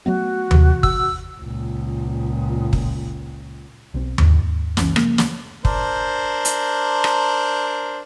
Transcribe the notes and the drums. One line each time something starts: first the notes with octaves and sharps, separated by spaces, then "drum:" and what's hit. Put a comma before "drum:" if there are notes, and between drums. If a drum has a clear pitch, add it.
F#3 A3 B3 F#4
C3 E3, drum: tom D#2
E6, drum: kick
C#2 A#2
drum: kick
B1 C4
D#2 G#2, drum: tom D#2
F#1 C#2 E3 C#4, drum: snare
C#3 F3 G#3 A#3, drum: rim click
drum: snare
D4 A#4 C5, drum: kick
drum: hi-hat
drum: rim click